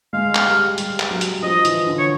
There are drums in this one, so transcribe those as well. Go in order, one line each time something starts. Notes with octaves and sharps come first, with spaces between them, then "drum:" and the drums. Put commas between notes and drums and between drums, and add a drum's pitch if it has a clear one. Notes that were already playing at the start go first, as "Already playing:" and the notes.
G#3 F5
drum: clap
G3
G3, drum: hi-hat
drum: clap
F#3
drum: hi-hat
F3 D#5
E3, drum: hi-hat
D3
C#5